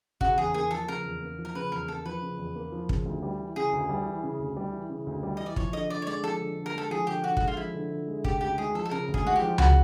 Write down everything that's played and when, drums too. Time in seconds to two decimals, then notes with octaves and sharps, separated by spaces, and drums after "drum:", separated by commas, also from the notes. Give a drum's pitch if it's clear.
0.21 C#3 F#4, drum: kick
0.38 E2 G#4
0.54 A#3 G#4
0.71 F3 A4
0.88 C#3 A#4
1.05 E2
1.21 A#3
1.39 F3
1.45 A#4
1.55 C#3 B4
1.72 E2 A#4
1.88 A#3 A4
2.05 F3 B4
2.22 C#3
2.39 E2
2.56 A#3
2.72 F3
2.89 C#3, drum: kick
3.05 D2
3.22 G3
3.39 E3
3.56 C#3 G#4
3.73 D2
3.89 G3
4.06 E3
4.23 C#3
4.40 D2
4.57 G3
4.73 E3
4.90 C#3
5.07 D2
5.23 G3
5.37 E3 D#5
5.46 D5
5.56 F3 C#5, drum: kick
5.73 D3 D#5
5.90 D3 D5
6.02 C#5
6.07 G#3 D5
6.23 F3 A4
6.40 D3
6.57 D3
6.66 A#4
6.74 G#3 A4
6.91 F3 G#4
7.07 D3 G4
7.24 D3 F#4
7.37 G#3 F#4, drum: kick
7.48 F4
7.57 F3 E4
7.74 D3
7.91 D3
8.07 G#3
8.24 C#3 G4, drum: kick
8.41 D2 G4
8.58 G#3 G#4
8.75 F3 A4
8.86 A4
8.91 C#3 A#4
9.08 D2
9.14 G#4, drum: kick
9.25 G#3 F#4
9.36 G4
9.42 F3
9.58 C#3 F#4, drum: tom C#2